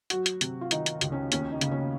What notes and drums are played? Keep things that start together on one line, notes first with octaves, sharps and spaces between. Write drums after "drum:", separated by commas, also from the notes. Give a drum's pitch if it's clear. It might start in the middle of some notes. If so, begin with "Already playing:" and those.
F#3 F#4, drum: hi-hat
drum: hi-hat
C3, drum: hi-hat
F4
D#3 D#4, drum: hi-hat
drum: hi-hat
C#2, drum: hi-hat
C#4
D#2 C#4, drum: hi-hat
D#4
C#3, drum: hi-hat
C#4